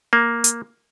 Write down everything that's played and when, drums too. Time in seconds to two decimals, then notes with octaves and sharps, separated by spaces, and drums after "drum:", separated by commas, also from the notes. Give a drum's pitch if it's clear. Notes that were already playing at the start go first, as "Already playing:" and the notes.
0.13 A#3
0.44 drum: hi-hat